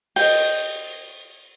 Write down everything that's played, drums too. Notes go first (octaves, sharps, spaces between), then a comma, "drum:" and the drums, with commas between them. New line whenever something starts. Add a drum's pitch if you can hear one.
D#5 G5, drum: open hi-hat